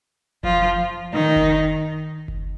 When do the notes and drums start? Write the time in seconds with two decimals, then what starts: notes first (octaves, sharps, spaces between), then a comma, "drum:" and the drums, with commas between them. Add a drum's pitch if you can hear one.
0.43 F3 F4, drum: kick F#1
1.13 D#3 D#4
1.36 drum: kick F#1
2.28 drum: kick F#1